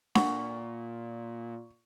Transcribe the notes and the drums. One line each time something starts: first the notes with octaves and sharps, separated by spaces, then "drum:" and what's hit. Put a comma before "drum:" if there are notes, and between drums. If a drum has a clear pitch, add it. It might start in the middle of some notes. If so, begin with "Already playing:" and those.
A#2 F#5 C#6, drum: snare D4